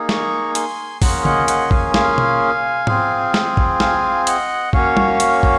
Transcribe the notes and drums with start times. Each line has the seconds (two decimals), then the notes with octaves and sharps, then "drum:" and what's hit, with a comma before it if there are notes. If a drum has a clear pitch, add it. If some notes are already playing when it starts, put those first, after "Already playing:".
Already playing: A#3 D#4 G#4
0.09 A#5 C#6, drum: snare
0.55 G#5 C6, drum: hi-hat
1.02 A#3 C#4 F4 G#4 F#5 A#5, drum: kick, open hi-hat
1.25 D#5 F#5, drum: tom C#3
1.48 D#5 F#5, drum: hi-hat
1.71 F5 G#5, drum: kick
1.94 F5 G#5, drum: snare
2.18 drum: tom B2
2.87 C4 F4 G#4, drum: tom G#2
3.34 drum: snare
3.57 drum: kick
3.80 F5 G#5, drum: snare
4.27 D#5 F#5, drum: hi-hat
4.73 A#3 C#4 F#4 C#5 F5, drum: kick
4.97 drum: tom G3
5.20 drum: hi-hat
5.43 drum: kick